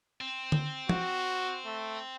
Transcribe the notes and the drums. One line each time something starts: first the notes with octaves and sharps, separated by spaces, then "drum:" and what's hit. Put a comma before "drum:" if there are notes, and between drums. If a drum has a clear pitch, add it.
C4
drum: tom D3
F#4, drum: tom
A3